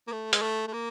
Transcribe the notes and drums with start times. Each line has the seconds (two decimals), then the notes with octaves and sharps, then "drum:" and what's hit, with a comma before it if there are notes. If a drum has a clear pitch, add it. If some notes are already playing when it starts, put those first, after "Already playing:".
0.07 A#3
0.12 A3
0.33 G#3, drum: hi-hat
0.42 A3
0.68 A3
0.73 A#3